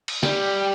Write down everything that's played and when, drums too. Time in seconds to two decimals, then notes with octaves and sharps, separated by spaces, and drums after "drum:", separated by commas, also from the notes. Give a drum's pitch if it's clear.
0.08 drum: cymbal
0.23 G3, drum: snare